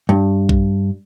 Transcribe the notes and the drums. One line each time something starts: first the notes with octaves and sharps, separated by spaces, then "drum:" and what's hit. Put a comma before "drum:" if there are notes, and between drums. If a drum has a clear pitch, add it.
G2
drum: kick A#1